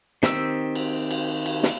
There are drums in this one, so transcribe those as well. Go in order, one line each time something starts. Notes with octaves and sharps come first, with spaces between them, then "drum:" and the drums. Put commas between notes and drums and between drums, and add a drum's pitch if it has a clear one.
D#3 C4 G4 E6, drum: snare
drum: cymbal
drum: cymbal
drum: cymbal
drum: snare